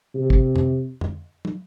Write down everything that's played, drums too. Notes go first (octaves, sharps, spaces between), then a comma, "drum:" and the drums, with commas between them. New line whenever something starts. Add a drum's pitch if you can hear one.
C3
drum: kick
drum: tom F2
drum: tom F2
drum: tom